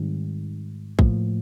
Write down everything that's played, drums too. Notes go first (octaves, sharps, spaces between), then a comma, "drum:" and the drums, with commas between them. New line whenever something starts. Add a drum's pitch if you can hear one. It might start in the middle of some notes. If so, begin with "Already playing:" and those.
Already playing: G#2 D#3 G3 C4
A2 F3 A#3, drum: kick